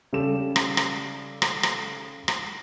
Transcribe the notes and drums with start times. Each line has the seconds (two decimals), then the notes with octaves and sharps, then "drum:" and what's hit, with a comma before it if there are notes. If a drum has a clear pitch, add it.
0.13 C#3 G3 A4 E7
0.56 drum: rim click
0.77 drum: rim click
1.42 drum: rim click
1.63 drum: rim click
2.28 drum: rim click